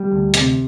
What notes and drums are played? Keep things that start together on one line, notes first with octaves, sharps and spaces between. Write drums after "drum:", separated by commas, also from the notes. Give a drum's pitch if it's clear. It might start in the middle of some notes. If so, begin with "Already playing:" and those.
Already playing: G3
D2
C3, drum: hi-hat